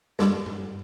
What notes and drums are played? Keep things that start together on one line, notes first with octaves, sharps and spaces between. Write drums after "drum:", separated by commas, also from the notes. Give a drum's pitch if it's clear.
G2 D3 G3, drum: snare
drum: tom G2